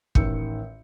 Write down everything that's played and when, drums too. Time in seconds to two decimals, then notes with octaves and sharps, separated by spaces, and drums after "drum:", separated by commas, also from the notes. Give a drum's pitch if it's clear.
0.15 A1 D#3 E6 G6 C#7, drum: kick